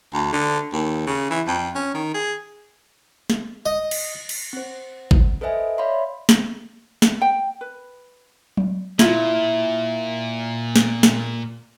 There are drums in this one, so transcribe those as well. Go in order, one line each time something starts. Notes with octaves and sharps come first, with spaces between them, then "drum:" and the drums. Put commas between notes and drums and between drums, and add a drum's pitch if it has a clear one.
D2
D3
D#2
C#3
E3
F2
C#4
D#3
G#4
drum: snare
D#5
drum: cymbal
drum: cymbal
C4 C5
drum: kick
A4 B4 C5 D#5 E5 G#5
C#5 D5 E5 F5 B5 C6
drum: snare
drum: snare
G5
B4
drum: tom F#3
A#2 E4 F4, drum: snare
drum: snare
drum: snare